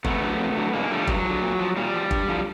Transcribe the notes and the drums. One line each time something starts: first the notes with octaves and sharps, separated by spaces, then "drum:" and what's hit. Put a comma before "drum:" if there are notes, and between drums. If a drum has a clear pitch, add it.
F2 A3 B3, drum: kick
D3 F#3
F2
D3 F#3
G2 G#3 A#3
D3 F3 G3 A3
G2 F#3, drum: kick
F3
D3
A#2
F3
A#2 G3
F3
G2, drum: kick
D3 F3